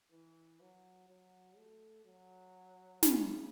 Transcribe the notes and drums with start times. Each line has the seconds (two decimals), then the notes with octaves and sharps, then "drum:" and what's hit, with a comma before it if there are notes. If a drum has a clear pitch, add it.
0.12 E3
0.61 F#3
1.09 F#3
1.57 A3
2.05 F#3
3.03 C#3, drum: snare